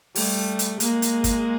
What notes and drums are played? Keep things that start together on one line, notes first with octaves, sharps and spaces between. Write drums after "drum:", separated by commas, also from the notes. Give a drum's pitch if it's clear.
G3 A3, drum: open hi-hat
drum: hi-hat
G#3 A#3, drum: hi-hat
drum: hi-hat
drum: kick, hi-hat